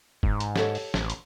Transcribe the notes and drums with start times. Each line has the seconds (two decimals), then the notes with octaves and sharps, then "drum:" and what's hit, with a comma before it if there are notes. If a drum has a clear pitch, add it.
0.23 G#2, drum: kick
0.40 drum: hi-hat
0.56 G4 A4 C#5, drum: snare
0.75 drum: open hi-hat
0.94 A1, drum: snare
1.10 drum: hi-hat